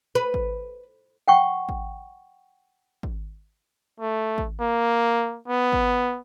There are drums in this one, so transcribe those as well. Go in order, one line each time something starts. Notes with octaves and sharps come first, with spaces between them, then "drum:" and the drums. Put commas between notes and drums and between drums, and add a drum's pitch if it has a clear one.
B4
drum: kick G#1
F#5 G5 C#6
drum: kick G#1
drum: kick G#1
A3
drum: kick G#1
A#3
B3
drum: kick G#1